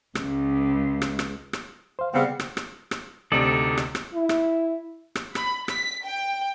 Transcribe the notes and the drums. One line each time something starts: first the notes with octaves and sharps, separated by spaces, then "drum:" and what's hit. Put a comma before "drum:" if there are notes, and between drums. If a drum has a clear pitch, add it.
C#2, drum: rim click
drum: rim click
drum: rim click
drum: rim click
C5 F5
C#3 G3 B3 C4 G4 F5 F#5
drum: rim click
drum: rim click
drum: rim click
D2 C3 D#4 A4 D5
drum: rim click
drum: rim click
E4
drum: rim click
drum: rim click
B5, drum: rim click
B6, drum: rim click
G5